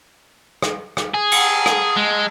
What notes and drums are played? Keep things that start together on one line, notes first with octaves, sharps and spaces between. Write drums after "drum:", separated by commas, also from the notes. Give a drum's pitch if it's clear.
drum: rim click
drum: rim click
G#4
drum: cymbal
drum: rim click
G#3